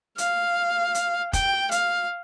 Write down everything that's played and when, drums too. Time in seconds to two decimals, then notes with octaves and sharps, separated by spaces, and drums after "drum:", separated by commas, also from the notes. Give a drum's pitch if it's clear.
0.18 F5, drum: hi-hat
0.95 drum: hi-hat
1.33 G5, drum: kick F1, hi-hat
1.71 F5, drum: hi-hat